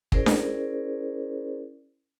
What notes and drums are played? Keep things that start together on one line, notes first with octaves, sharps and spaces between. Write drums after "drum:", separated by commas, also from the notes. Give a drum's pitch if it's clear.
C#4 E4 G#4 A#4 C5 D5, drum: kick
drum: snare D4